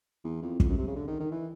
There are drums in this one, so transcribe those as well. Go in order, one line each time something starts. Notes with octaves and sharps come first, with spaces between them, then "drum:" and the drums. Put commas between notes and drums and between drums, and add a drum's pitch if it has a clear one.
E2
F2
F2, drum: kick
F#2
C3
C#3
D3
D#3
D#3
E3